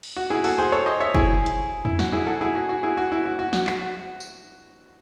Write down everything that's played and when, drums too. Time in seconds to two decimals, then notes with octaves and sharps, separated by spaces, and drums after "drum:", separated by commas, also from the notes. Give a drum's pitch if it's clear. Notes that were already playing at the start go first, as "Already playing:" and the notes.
0.03 drum: cymbal
0.16 F#4
0.30 E4 G#4
0.44 F#4 A4, drum: open hi-hat
0.58 G#4 C5
0.72 A4 C#5
0.86 C5 D#5
1.00 C#5 E5
1.15 E4 G#4, drum: kick
1.46 drum: hi-hat
1.85 E4, drum: tom E2
1.99 F#4, drum: snare
2.12 E4 G#4
2.26 F#4 A4
2.41 E4 G#4
2.55 F#4
2.69 F#4
2.83 E4 G#4
2.97 F#4
3.12 E4
3.26 F#4
3.39 F#4
3.53 F#4, drum: snare
3.67 F#4, drum: clap
4.20 drum: tambourine